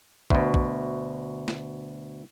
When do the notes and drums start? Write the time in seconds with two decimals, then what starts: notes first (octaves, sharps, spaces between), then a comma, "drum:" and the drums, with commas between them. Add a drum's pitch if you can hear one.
0.30 D2 B2, drum: kick
0.54 drum: kick
1.48 drum: snare